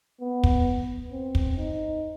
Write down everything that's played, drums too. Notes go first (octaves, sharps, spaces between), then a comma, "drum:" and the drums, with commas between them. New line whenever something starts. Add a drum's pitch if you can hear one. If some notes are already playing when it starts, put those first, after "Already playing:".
B3
drum: kick
C4
drum: kick
D#4